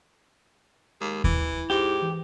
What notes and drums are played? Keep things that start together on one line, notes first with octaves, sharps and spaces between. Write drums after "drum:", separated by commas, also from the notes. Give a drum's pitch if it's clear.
D#2 G#3
E3 E4, drum: kick D#2
G#2 G4
E3